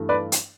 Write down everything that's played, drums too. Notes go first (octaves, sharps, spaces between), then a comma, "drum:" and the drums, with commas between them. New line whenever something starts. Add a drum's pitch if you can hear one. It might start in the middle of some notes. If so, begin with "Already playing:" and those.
Already playing: G2 E3 A3
B4 D5
drum: hi-hat